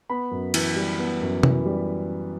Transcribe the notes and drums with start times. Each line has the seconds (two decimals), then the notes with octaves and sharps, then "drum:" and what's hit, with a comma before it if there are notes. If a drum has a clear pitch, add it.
0.09 B3 B5
0.31 F#2
0.54 E3, drum: cymbal
0.76 G3
0.98 B3
1.21 F#2
1.43 E3, drum: tom C3
1.66 G3